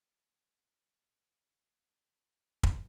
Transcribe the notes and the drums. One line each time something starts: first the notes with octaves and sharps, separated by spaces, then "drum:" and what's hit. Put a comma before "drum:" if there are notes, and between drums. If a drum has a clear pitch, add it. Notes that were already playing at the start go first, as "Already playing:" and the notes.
C2 D#3 B3 A4
G#3 F4
drum: kick